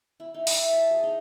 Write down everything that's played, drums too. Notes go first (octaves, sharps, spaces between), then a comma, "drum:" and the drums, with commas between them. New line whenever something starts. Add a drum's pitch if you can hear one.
E4
D#4
E4, drum: open hi-hat
A5
G#4
D#4